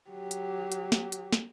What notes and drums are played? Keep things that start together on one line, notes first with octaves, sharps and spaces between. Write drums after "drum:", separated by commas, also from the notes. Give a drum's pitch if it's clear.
F#3 G4
drum: hi-hat
drum: hi-hat
drum: snare
drum: hi-hat
drum: snare